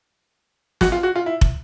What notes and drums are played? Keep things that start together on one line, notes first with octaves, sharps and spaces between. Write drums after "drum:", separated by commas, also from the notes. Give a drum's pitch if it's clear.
F#4, drum: snare
F4
F#4
F4
E4
drum: kick